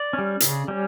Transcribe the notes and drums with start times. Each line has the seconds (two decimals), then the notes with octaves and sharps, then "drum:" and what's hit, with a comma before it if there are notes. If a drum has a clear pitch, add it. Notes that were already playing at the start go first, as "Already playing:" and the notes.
Already playing: D5
0.13 C#4
0.19 G3
0.40 C#3, drum: hi-hat
0.68 G3 C#4